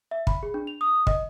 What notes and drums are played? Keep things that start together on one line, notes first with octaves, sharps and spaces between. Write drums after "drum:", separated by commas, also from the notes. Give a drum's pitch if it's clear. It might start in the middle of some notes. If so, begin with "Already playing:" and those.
E5
B5, drum: kick
G#4
D4
F7
D#6
D#5, drum: kick